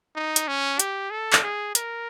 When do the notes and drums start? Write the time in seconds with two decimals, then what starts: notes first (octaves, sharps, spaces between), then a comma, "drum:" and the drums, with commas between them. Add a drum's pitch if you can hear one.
0.16 D#4
0.36 drum: hi-hat
0.48 C#4
0.79 G4, drum: hi-hat
1.11 A4
1.33 drum: clap
1.43 G#4
1.75 A#4, drum: hi-hat